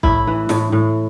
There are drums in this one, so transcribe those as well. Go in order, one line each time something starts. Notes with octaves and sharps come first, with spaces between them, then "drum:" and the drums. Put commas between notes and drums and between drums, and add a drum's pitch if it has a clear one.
A2 E4, drum: kick
E3
A2, drum: snare
A2